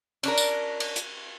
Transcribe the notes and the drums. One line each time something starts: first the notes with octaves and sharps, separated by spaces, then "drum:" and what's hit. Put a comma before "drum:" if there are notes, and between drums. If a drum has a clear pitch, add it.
C#4 D4 A#4, drum: cymbal
drum: tambourine
drum: cymbal
drum: hi-hat